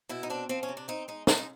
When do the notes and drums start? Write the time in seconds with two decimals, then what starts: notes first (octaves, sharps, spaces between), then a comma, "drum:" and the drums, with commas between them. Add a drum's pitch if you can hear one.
0.09 B2 E4
0.23 D#4
0.30 C4 D4
0.49 F3 C4
0.63 C#4
0.69 C3
0.77 D4
0.88 C4 D#4
1.08 G#3 D#4
1.27 G#3 C#4, drum: snare
1.38 D#4